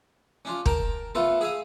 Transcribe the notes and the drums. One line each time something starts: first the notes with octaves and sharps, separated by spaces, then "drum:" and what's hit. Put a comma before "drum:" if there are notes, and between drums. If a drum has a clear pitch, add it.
C#4 D4 F4
A#4 G5 A5, drum: kick
A3 B3 F4 A4
G#4 E5 F5 D#6